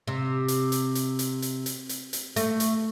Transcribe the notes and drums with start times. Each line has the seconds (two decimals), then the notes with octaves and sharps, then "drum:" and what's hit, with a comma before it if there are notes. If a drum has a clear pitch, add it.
0.07 C3
0.48 drum: hi-hat
0.72 drum: hi-hat
0.95 drum: hi-hat
1.19 drum: hi-hat
1.42 drum: hi-hat
1.66 drum: hi-hat
1.89 drum: hi-hat
2.13 drum: hi-hat
2.36 A3, drum: hi-hat
2.60 drum: hi-hat